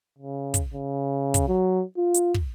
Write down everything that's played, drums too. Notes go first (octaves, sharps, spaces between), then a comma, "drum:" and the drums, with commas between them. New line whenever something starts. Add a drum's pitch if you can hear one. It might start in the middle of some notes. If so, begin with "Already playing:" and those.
C#3
drum: kick, hi-hat
C#3
drum: kick, hi-hat
F#3
F4
drum: hi-hat
drum: kick